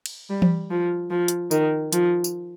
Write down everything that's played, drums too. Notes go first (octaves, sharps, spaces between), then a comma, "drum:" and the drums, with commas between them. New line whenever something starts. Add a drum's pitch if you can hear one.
drum: cymbal
G3
drum: tom E3
F3
F3
drum: hi-hat
D#3, drum: tambourine
F3, drum: hi-hat
drum: tambourine